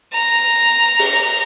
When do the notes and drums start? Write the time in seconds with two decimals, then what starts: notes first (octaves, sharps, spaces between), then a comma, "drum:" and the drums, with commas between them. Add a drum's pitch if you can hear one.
0.13 A#5
0.99 drum: open hi-hat